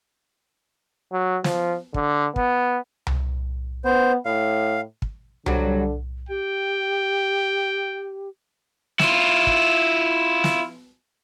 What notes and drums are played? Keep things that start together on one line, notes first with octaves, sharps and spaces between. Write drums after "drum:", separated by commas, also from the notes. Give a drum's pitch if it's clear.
F#3
F3, drum: snare
D3, drum: kick
B3, drum: kick
drum: tom C2
B3 C5
A2 F5
drum: kick
D3 F#3 G3, drum: tom C2
G4 G5
E4 F4, drum: snare
drum: kick
drum: snare